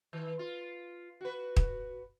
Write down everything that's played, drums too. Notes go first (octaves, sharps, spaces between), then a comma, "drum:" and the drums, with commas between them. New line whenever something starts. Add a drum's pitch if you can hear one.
D#3
F4
F#4 B4
drum: kick